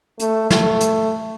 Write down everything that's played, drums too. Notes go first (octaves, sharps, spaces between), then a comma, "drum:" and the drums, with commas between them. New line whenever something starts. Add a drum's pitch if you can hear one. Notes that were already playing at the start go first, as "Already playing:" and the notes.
A3, drum: hi-hat
A3, drum: snare
drum: hi-hat